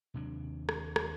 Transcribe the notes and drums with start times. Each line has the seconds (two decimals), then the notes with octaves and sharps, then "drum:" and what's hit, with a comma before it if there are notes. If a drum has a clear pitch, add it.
0.14 D#2 C3 F#3 D4
0.69 drum: rim click
0.96 drum: rim click